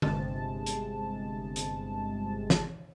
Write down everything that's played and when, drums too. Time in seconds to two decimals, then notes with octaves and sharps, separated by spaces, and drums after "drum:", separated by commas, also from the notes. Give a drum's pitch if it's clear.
0.02 G1 C3 G#3 A5, drum: tom D3
0.66 drum: hi-hat
1.56 drum: hi-hat
2.50 drum: snare